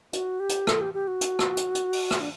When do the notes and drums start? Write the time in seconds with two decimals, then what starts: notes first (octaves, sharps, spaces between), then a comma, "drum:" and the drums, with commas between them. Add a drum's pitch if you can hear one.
0.13 F#4, drum: hi-hat
0.40 G4
0.49 drum: hi-hat
0.67 A4, drum: rim click
0.81 G4
0.94 G4
1.07 F#4
1.21 drum: hi-hat
1.39 drum: rim click
1.57 drum: hi-hat
1.75 drum: hi-hat
1.93 drum: open hi-hat
2.11 drum: rim click
2.20 D4